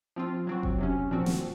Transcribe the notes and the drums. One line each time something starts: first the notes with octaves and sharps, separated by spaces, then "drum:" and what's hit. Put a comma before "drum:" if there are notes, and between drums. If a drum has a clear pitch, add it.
F3 C4 F4
F#3 C4 F#4
drum: kick F1
C3 F#3 C#4
A#2 F3 C4 F#4
drum: snare